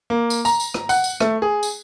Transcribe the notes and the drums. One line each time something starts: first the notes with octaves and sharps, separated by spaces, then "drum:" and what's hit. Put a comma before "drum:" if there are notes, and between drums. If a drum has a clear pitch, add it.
A#3
drum: tambourine
A#5, drum: tambourine
drum: tambourine
drum: rim click
F#5, drum: tambourine
drum: tambourine
A3, drum: rim click
G#4
drum: tambourine